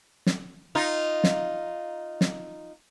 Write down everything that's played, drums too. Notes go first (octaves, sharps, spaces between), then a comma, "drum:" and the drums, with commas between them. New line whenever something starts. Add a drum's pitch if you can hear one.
drum: snare
D#4 F4
drum: snare
drum: snare